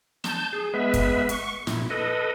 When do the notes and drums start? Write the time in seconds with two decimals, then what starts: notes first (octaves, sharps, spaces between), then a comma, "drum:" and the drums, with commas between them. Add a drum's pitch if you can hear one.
0.24 A5 G6, drum: snare
0.53 G#4
0.74 G#3 B3 B4 E5
0.94 drum: kick, hi-hat
1.29 C#6, drum: hi-hat
1.67 A#2 E4, drum: snare
1.90 A4 B4 D#5